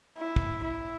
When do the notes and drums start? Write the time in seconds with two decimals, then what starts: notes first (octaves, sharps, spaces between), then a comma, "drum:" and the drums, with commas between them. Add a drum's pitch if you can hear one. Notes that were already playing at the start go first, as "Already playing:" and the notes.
0.18 E4
0.36 drum: kick
0.64 E4